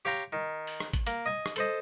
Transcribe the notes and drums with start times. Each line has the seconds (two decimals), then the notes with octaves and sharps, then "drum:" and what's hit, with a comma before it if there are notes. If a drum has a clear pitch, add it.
0.05 G4 C#5 F5 G5 A#5 C6
0.32 D#3
0.67 drum: open hi-hat
0.80 drum: rim click
0.93 drum: kick G#1, hi-hat
1.07 A#3, drum: hi-hat
1.26 D#5 G#5
1.46 drum: rim click
1.56 A4 C5 D#5, drum: hi-hat